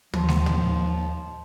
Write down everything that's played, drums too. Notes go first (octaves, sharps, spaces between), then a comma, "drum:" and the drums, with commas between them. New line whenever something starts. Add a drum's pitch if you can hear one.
D#2 F3, drum: tom
drum: snare G#3
drum: tom